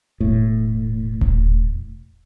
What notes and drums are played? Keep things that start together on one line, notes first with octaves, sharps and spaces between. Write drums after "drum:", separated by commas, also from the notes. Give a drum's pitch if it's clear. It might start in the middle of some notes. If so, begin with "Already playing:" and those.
E1 A2
drum: kick D#1